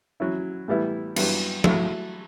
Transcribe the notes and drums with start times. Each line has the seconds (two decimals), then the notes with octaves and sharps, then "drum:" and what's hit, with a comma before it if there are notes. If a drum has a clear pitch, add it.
0.20 F#3 C#4 E4
0.68 A2 E3 G3 B3 E4
1.16 G2 F#3 B3 E4 G4, drum: cymbal
1.64 F#3 A3 E4 A4, drum: tom